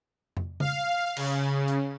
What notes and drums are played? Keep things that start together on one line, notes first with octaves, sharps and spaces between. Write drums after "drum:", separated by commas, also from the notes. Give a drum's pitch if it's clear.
drum: tom F2
F5, drum: tom C#3
C#3, drum: cymbal
drum: hi-hat